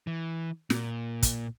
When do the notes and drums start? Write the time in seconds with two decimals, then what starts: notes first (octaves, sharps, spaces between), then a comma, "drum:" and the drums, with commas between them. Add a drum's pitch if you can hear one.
0.07 E3
0.70 A#2, drum: snare
1.22 drum: kick, hi-hat